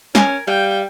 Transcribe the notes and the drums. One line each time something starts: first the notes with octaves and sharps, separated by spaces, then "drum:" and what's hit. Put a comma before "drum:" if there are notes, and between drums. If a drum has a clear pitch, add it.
C#4 A#4 G#5, drum: snare
G3 F5 G5